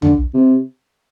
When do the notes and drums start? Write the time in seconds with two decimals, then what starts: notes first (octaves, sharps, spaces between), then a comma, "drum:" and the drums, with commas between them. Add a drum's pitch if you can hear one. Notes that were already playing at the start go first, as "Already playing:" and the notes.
0.02 D3, drum: tom
0.34 C3